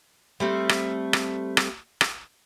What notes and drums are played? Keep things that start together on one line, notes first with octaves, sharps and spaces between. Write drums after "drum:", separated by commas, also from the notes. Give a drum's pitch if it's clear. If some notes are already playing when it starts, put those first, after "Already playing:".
G3 A3 C4
drum: rim click
drum: rim click
drum: rim click
drum: rim click